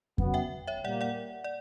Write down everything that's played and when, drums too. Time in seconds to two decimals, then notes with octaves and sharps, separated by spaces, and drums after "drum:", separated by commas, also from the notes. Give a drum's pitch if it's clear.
0.18 C#3 F#3 B3, drum: kick F2
0.34 E5 G5
0.67 C#5 E5
0.84 A#2 G3 A#3 D5 F#5
1.01 D5 F#5
1.44 D5